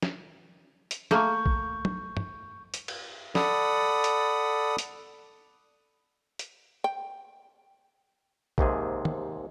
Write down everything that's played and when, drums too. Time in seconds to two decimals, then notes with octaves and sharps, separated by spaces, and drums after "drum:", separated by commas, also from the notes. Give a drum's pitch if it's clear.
0.03 drum: snare
0.91 drum: hi-hat
1.11 A3 A#3 C#6 G6, drum: snare
1.46 drum: kick A#1
1.85 drum: tom
2.17 drum: tom
2.74 drum: hi-hat
2.88 drum: cymbal
3.35 A4 D5 F#5 B5 D#6, drum: snare
4.04 drum: hi-hat
4.78 drum: hi-hat
6.39 drum: hi-hat
6.84 G5
8.58 D#2 G#2 C3 G#4, drum: kick A#1
9.05 drum: tom